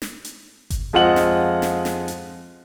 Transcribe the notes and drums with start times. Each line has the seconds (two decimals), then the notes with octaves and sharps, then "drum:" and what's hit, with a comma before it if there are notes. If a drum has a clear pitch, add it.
0.02 drum: snare
0.25 drum: hi-hat
0.70 drum: kick G1, hi-hat
0.93 F2 G#3 F4 D#5 F#5 F#7
1.16 drum: snare
1.62 drum: snare
1.85 drum: snare
2.08 drum: hi-hat